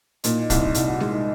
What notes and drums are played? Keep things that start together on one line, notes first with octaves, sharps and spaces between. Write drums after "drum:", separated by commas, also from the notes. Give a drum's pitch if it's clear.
A#2 D#4 D#5, drum: hi-hat
D#4 D#5
C2, drum: kick, hi-hat
D#4 D#5
C2 D#4 D#5, drum: hi-hat
F#4 F#5
G#3 D#4 D#5, drum: snare G#3
D#4 D#5